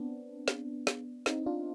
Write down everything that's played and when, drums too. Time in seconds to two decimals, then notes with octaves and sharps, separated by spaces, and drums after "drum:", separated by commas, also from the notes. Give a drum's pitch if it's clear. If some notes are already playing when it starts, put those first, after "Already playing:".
Already playing: B3 C4 D4
0.48 drum: snare
0.87 drum: snare
1.26 C4 D#4, drum: snare
1.46 D4 F4